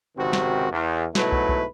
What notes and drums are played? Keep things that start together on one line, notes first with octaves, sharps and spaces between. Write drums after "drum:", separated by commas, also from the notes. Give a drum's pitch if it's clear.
G#1 C#2 C3 D#3 C4 F#4
drum: snare
E2
G#2 B2 F#3 A3 E4 B4, drum: snare
drum: kick
drum: kick